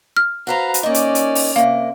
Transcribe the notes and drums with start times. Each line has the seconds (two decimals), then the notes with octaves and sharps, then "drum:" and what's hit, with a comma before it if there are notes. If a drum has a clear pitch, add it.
0.17 F6
0.47 F#4 B4 C5 F5 A#5
0.74 drum: hi-hat
0.83 A#3 C#4 D#4 D5
0.94 drum: hi-hat
1.15 drum: hi-hat
1.35 drum: open hi-hat
1.56 C3 A#3 F5